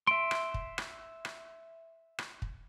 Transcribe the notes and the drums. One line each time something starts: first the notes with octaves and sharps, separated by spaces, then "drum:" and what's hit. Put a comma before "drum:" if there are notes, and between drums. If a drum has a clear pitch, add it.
E5 C6 D7
drum: rim click
drum: kick
drum: rim click
drum: rim click
drum: rim click
drum: kick